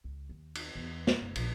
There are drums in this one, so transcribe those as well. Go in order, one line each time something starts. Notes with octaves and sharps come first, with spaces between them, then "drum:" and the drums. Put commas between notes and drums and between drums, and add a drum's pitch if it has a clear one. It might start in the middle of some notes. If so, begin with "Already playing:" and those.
C#2
D#2
drum: cymbal
E2
drum: snare
F#1
A#1, drum: cymbal